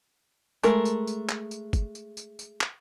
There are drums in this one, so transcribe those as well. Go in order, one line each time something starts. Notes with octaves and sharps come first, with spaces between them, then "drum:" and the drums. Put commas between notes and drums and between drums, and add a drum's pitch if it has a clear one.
G#3 A3 A#4, drum: tambourine
drum: tambourine
drum: tambourine
drum: clap
drum: tambourine
drum: kick, tambourine
drum: tambourine
drum: tambourine
drum: tambourine
drum: clap